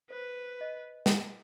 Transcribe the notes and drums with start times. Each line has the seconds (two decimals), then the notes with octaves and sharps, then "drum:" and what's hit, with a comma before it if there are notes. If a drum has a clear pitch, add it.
0.10 B4 C5
0.61 D#5
1.06 drum: snare